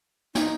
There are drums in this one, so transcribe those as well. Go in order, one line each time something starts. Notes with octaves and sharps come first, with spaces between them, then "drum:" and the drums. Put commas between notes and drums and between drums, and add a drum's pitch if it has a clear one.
D#4, drum: snare